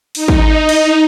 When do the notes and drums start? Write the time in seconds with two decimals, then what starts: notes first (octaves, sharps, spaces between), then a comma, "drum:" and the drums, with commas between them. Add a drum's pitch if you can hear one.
0.15 D#4, drum: open hi-hat
0.28 drum: kick
0.69 drum: cymbal